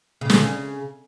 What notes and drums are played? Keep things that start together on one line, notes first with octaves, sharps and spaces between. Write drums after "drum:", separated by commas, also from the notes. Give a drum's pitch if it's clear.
C#3
D3, drum: snare
C#3